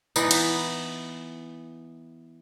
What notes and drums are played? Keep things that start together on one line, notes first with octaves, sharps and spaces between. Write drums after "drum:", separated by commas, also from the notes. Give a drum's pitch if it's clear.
E3 B3 D#4, drum: tambourine
drum: cymbal